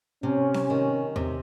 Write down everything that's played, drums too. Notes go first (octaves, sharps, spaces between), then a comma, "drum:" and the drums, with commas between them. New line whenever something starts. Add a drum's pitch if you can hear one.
C3 C#4
drum: snare C4
D#3
C3, drum: tom E2